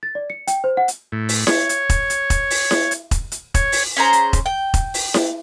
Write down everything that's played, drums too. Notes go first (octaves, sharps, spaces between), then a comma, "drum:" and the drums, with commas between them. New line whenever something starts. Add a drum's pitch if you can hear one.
A6
D5
C#7
G5, drum: hi-hat
C5
F#5
drum: hi-hat
A2
drum: open hi-hat
C#5, drum: snare E4
drum: hi-hat
drum: kick E1, hi-hat
drum: hi-hat
drum: kick E1, hi-hat
drum: open hi-hat
drum: snare E4
drum: hi-hat
drum: kick E1, hi-hat
drum: hi-hat
C#5, drum: kick E1, hi-hat
drum: open hi-hat
C#4 G#4 C5 A#5
drum: hi-hat
drum: kick E1, hi-hat
G5
drum: kick E1, hi-hat
drum: open hi-hat
drum: snare E4